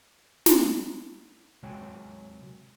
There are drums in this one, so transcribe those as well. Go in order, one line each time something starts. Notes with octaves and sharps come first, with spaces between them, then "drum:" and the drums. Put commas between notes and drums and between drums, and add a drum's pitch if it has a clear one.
drum: snare
C3 F#3 G#3 C#5 G5 G#5